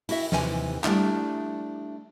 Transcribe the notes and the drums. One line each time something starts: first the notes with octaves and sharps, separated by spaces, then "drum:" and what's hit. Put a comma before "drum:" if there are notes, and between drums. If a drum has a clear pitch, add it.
E4 F#4 E5, drum: open hi-hat
D#2 C3 E3 G#5, drum: snare
G3 A3 D4 E4, drum: clap